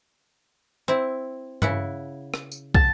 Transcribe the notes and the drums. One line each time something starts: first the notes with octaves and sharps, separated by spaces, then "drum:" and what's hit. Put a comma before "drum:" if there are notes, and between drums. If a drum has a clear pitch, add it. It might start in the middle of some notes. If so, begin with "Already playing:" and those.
C4 E4
C#3 E4 F#5, drum: tom G2
drum: rim click
drum: tambourine
A5, drum: kick